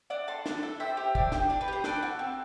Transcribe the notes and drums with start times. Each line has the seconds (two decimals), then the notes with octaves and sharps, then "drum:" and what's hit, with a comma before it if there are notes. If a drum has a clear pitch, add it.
0.10 D4 D5 F#5
0.28 A4 A5 C6
0.46 D4, drum: snare
0.63 A4
0.80 G4 C5 E5
0.97 G4
1.15 D4, drum: kick
1.32 G4, drum: snare
1.50 D4
1.61 B4
1.68 G4 C5
1.84 A4 B4 D5, drum: snare
2.03 F#4
2.19 C4